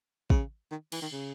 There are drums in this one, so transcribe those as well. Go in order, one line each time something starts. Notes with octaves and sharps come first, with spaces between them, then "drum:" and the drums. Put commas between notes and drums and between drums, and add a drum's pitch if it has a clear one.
C#3, drum: kick
D#3
E3, drum: cymbal
D#3
C#3